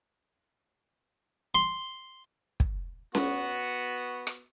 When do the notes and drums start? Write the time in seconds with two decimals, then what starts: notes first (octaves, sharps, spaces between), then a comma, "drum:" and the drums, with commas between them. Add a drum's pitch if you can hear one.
1.55 C6
2.60 drum: kick
3.15 B3 F#4, drum: snare C#4
4.27 drum: rim click